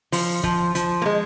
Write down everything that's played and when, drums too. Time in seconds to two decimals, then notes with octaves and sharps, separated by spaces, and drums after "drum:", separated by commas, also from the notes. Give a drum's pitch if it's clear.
0.12 F3, drum: open hi-hat
0.44 F3, drum: kick
0.75 F3, drum: hi-hat
1.02 A#3
1.06 G#3